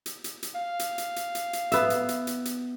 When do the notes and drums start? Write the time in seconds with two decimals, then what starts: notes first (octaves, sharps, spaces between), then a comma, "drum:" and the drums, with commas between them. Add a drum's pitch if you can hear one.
0.06 drum: hi-hat
0.24 drum: hi-hat
0.43 drum: hi-hat
0.55 F5
0.79 drum: hi-hat
0.98 drum: hi-hat
1.16 drum: hi-hat
1.35 drum: hi-hat
1.53 drum: hi-hat
1.72 B3 E5, drum: hi-hat
1.90 drum: hi-hat
2.09 drum: hi-hat
2.27 drum: hi-hat
2.45 drum: hi-hat